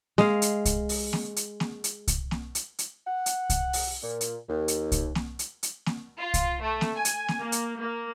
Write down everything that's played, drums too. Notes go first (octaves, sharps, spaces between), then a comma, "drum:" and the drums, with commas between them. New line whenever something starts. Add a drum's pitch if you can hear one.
G#3 F5, drum: snare A#3
drum: hi-hat
drum: kick C2, hi-hat
drum: open hi-hat
drum: snare A#3
drum: hi-hat
drum: snare A#3
drum: hi-hat
drum: kick C2, hi-hat
drum: snare A#3
drum: hi-hat
drum: hi-hat
F#5
drum: hi-hat
drum: kick C2, hi-hat
drum: open hi-hat
A#2
drum: hi-hat
D#2
drum: hi-hat
drum: kick C2, hi-hat
drum: snare A#3
drum: hi-hat
drum: hi-hat
drum: snare A#3
F4
drum: kick C2, hi-hat
A3
drum: snare A#3
G#5
drum: hi-hat
drum: snare A#3
A#3
drum: hi-hat
A#3